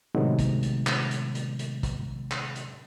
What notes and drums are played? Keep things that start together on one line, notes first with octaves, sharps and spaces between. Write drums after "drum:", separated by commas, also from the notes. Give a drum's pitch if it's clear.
A2 C3 D#3 F#3 G#3 B3
drum: kick, hi-hat
drum: hi-hat
drum: clap
drum: hi-hat
drum: hi-hat
drum: hi-hat
drum: kick, hi-hat
drum: clap
drum: hi-hat